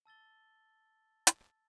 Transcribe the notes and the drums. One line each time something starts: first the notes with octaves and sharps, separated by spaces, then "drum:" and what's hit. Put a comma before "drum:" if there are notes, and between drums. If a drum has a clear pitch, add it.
A5 E6 A6 G7
drum: hi-hat